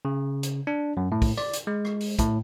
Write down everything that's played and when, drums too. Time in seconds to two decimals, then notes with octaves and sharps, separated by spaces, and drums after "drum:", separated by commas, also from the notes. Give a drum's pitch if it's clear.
0.05 C#3
0.43 drum: hi-hat
0.67 D4
0.97 F#2
1.12 A2
1.22 drum: kick, open hi-hat
1.38 D5, drum: rim click
1.53 drum: hi-hat
1.67 G#3
1.85 drum: rim click
2.01 drum: open hi-hat
2.19 A2, drum: kick, hi-hat